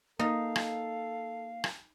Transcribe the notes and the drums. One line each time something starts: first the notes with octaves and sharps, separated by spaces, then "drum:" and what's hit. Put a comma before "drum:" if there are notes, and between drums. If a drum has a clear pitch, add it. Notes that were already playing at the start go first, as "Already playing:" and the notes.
A#3 D#4 A4 F5
drum: rim click
drum: rim click